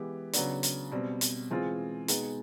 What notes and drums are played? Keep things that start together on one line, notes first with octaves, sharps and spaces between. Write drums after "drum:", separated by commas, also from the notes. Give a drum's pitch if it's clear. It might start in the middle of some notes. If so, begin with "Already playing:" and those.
Already playing: E3 G#3 B3 E4 G4
C#3 F#3 B3 D4, drum: hi-hat
drum: hi-hat
B2 G3 C4
drum: hi-hat
E3 G#3 C4 F4 G#4
B2 G#3 B3 D#4 G#4, drum: hi-hat